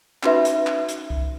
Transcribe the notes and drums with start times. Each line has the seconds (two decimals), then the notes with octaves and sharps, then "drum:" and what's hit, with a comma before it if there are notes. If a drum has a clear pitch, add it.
0.23 C#4 D#4 F#4 B4 E5 B5, drum: clap
0.45 drum: hi-hat
0.67 drum: clap
0.89 drum: hi-hat
1.10 drum: kick C2